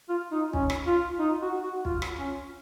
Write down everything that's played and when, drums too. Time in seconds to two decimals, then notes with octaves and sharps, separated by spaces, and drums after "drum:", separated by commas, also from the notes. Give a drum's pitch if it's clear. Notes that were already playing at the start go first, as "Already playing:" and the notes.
0.09 F4
0.32 D#4
0.53 C#4, drum: kick
0.70 drum: rim click
0.87 F4
1.19 D#4
1.42 F#4
1.63 F#4
1.85 F4, drum: kick
2.02 drum: rim click
2.18 C#4